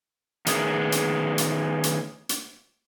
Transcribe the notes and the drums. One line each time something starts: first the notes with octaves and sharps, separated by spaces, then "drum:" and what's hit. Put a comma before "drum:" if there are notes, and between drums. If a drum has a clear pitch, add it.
D#3 A3 B3 C#4 G#4 A#4, drum: hi-hat
drum: hi-hat
drum: hi-hat
drum: hi-hat
drum: hi-hat